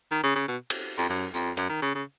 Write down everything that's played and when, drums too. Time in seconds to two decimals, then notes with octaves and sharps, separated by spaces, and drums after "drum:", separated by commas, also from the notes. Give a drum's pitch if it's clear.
0.11 D#3
0.24 C#3
0.36 C#3
0.48 B2
0.70 drum: cymbal
0.98 F2
1.10 F#2
1.34 F2, drum: tambourine
1.57 F#2, drum: hi-hat
1.69 D#3
1.82 C#3
1.95 C#3